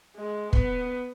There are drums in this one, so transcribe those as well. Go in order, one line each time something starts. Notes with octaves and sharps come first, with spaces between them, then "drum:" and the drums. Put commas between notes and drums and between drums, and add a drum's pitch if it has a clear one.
G#3
B3, drum: kick